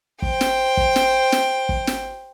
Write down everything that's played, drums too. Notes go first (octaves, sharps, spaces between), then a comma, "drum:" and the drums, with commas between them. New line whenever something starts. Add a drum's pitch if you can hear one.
C5 G5, drum: kick
drum: snare
drum: kick
drum: snare
drum: snare
drum: kick
drum: snare